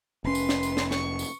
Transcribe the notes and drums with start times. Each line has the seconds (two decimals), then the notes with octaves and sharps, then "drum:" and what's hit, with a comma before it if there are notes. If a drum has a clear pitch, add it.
0.24 F1 C#4 B4 C6
0.35 drum: tambourine
0.49 drum: snare
0.63 drum: tambourine
0.77 drum: snare
0.91 C#6, drum: snare
1.19 drum: tambourine